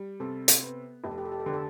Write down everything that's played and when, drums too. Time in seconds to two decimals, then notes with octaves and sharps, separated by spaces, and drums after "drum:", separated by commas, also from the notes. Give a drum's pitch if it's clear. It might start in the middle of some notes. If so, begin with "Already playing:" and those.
Already playing: G3
0.20 C3 A4
0.48 drum: hi-hat
0.62 B3
1.04 F1 G4
1.11 A4
1.18 G4
1.25 A4
1.32 G4
1.40 A4
1.46 D3 G4
1.53 A4